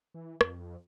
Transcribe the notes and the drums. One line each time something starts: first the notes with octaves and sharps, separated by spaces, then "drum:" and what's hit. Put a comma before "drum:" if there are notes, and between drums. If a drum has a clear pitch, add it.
E3
F2, drum: rim click